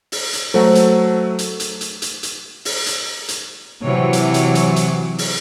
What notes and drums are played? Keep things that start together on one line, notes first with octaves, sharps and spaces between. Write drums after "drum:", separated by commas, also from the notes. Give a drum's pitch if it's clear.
drum: open hi-hat
drum: hi-hat
F#3 A3 A4 C5 F#5 A#5
drum: hi-hat
drum: hi-hat
drum: hi-hat
drum: hi-hat
drum: hi-hat
drum: hi-hat
drum: open hi-hat
drum: hi-hat
drum: hi-hat
C3 E3 F#3 C#5
drum: hi-hat
drum: hi-hat
drum: hi-hat
drum: hi-hat
drum: open hi-hat